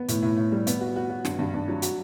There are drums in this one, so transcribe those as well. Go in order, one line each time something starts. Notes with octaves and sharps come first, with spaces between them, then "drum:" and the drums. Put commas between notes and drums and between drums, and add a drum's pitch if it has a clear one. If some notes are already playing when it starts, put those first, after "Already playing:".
Already playing: B3
A2, drum: hi-hat
A2
A2
G3
B3, drum: hi-hat
F#4
F#4
F#4
G2, drum: snare
G2
G2
F#3
F#4, drum: hi-hat